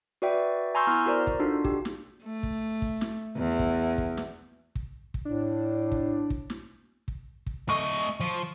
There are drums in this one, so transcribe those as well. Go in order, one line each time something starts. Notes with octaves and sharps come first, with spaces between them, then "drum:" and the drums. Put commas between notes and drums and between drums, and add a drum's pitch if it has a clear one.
F#4 B4 D5 E5 G5
G#5 A#5 C6 C#6 E6 G6
B3 E4 C6 F6
F#4 A#4 C5 D5 A#5
drum: kick
D4 D#4 F4 F#4 A4
G4, drum: kick
drum: snare
A3
drum: kick
drum: kick
drum: snare
E2
drum: kick
drum: kick
drum: snare
drum: kick
drum: kick
A2 D4
drum: kick
drum: kick
drum: snare
drum: kick
drum: kick
A3 D#5 C#6
F3